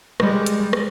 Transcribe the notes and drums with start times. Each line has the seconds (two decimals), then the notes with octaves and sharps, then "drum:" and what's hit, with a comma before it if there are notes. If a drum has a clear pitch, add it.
0.20 G3 G#3, drum: rim click
0.46 drum: hi-hat
0.73 drum: rim click